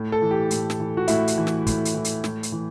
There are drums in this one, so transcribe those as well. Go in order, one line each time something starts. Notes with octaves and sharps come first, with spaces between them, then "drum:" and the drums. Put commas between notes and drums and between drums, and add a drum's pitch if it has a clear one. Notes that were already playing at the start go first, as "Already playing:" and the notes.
Already playing: A2
A4
E3
G4
A2, drum: hi-hat
drum: snare
E3
F#4
A2 E4, drum: hi-hat
drum: hi-hat
E3
drum: snare
A2, drum: kick, hi-hat
drum: hi-hat
E3
drum: hi-hat
A2, drum: snare
drum: hi-hat
E3